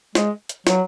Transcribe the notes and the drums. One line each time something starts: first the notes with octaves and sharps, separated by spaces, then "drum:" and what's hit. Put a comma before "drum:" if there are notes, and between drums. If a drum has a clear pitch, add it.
G#3, drum: snare
drum: hi-hat
F#3, drum: snare